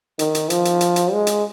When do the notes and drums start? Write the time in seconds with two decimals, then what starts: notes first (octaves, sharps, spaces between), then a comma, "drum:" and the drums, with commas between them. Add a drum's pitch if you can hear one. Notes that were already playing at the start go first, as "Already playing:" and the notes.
0.19 D#3, drum: hi-hat
0.35 drum: hi-hat
0.50 F3, drum: hi-hat
0.65 drum: hi-hat
0.81 drum: hi-hat
0.96 drum: hi-hat
1.12 G#3
1.27 drum: hi-hat